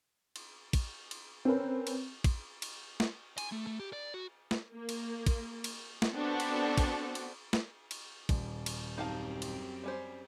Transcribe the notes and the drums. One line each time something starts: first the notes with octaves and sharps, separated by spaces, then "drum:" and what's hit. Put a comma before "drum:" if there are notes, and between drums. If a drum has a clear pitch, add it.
drum: cymbal
drum: kick, cymbal
drum: cymbal
C4 C#4 A#4 B4
drum: cymbal
drum: kick, cymbal
drum: cymbal
drum: snare
G#5, drum: cymbal
A3
A3
G4
D5
F#4
drum: snare
A#3
drum: cymbal
drum: kick, cymbal
drum: cymbal
drum: snare
B3 C4 D4 F#4 A4
drum: cymbal
drum: kick, cymbal
drum: cymbal
drum: snare
drum: cymbal
D#1, drum: kick, cymbal
drum: cymbal
F#2 C4 D#4 G4 F5 A5
drum: cymbal
G3 C#4 C5